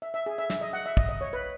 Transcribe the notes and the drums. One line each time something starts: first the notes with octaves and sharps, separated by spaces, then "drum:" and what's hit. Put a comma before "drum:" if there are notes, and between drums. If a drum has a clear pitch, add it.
E5
E5
G#4
E5
E5, drum: snare
D#5
F#5
E5
D#5, drum: kick
D#5
C#5
B4